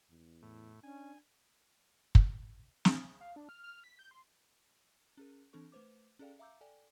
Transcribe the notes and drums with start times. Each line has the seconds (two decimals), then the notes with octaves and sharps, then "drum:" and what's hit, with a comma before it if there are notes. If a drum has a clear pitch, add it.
0.11 E2
0.43 A2
0.83 C#4 D4 G#5
2.15 drum: kick
2.85 drum: snare
3.20 F5
3.36 D4
3.49 F6
3.63 F6
3.84 B6
3.99 G6
4.11 C6
5.17 C#4 G#4 A#4
5.53 E3 C4 D4 A4 C#6
5.72 A3 B4 C5 D6
6.19 C#4 G#4 A4 D5 F5 G5
6.39 E5 F5 A#5 D6 E6 G6
6.61 A4 D5 G5 G#5